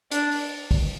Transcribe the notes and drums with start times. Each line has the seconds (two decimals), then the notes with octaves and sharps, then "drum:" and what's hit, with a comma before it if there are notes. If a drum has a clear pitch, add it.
0.11 D4, drum: hi-hat
0.31 drum: open hi-hat
0.71 drum: kick, open hi-hat